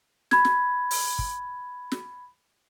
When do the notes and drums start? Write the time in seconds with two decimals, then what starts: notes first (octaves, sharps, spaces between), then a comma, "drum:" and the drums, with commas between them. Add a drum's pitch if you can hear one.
0.31 B5 G#6, drum: snare
0.45 drum: snare
0.91 drum: open hi-hat
1.19 drum: kick
1.92 drum: snare